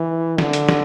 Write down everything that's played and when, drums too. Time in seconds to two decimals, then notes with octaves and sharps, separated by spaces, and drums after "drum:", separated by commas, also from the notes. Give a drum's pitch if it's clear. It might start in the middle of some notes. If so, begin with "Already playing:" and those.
Already playing: E3
0.38 D3, drum: snare
0.53 drum: hi-hat
0.69 drum: snare